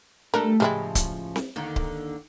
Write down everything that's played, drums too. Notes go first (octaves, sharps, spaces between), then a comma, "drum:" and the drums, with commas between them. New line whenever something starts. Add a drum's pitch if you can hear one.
G3 A3 D4 A4 A#4
A2 C#3 F3 G3 G#3 E4
drum: kick C#1, hi-hat
drum: snare C4
D#2 D3 D#3
drum: kick C#1